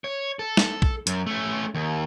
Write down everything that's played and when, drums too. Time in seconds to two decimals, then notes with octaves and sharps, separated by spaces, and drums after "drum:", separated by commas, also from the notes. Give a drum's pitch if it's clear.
0.04 C#5
0.39 A4
0.57 drum: snare
0.82 drum: kick A#1
1.07 F#2, drum: hi-hat
1.26 A3 C#4
1.75 D#2